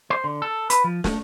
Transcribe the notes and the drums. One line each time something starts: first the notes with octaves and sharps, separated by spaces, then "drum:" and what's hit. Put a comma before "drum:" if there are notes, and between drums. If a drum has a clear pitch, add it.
C5
D3
A4
B4, drum: hi-hat
F3
A3, drum: snare